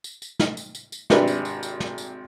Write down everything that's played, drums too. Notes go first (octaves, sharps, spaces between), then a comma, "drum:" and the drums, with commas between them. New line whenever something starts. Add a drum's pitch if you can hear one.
drum: tambourine
drum: tambourine
drum: snare
drum: tambourine
drum: tambourine
drum: tambourine
G#1 C3 D4 B4, drum: snare
drum: tambourine
drum: tambourine
drum: tambourine
drum: snare
drum: tambourine